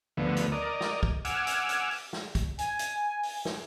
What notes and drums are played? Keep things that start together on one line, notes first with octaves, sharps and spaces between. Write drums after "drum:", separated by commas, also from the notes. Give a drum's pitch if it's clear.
D2 D3 F3 A3 B3
drum: hi-hat
A#4 D5 D#5
drum: snare
drum: kick
F#5 G#5 D6 E6 F6, drum: hi-hat
drum: hi-hat
drum: hi-hat
drum: open hi-hat
drum: snare
drum: kick, hi-hat
G#5, drum: hi-hat
drum: hi-hat
drum: open hi-hat
drum: snare